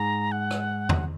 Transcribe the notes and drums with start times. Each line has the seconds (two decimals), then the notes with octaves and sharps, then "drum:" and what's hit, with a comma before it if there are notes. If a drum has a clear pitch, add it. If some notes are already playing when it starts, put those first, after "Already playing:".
Already playing: G#2 A#5
0.32 F#5
0.51 drum: rim click
0.89 drum: tom E2